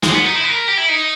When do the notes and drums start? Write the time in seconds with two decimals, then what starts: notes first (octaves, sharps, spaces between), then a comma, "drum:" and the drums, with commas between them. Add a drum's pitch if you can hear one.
0.03 G#3, drum: snare
0.14 B3
0.25 D#4
0.36 E4
0.44 B4
0.51 A#4
0.68 G4
0.78 E4
0.89 D#4